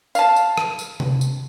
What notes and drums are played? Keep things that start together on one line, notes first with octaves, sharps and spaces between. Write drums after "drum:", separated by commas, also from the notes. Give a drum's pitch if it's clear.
F5 A5, drum: tambourine
drum: tambourine
drum: rim click
drum: tambourine
drum: tom C3
drum: tambourine